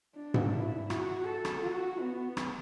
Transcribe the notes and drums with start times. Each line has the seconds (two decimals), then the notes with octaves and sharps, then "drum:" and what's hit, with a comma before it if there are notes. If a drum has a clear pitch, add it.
0.16 D4
0.34 drum: tom G#2
0.52 E4
0.90 F#4, drum: rim click
1.26 A4
1.45 drum: rim click
1.63 F#4
2.00 B3
2.37 drum: rim click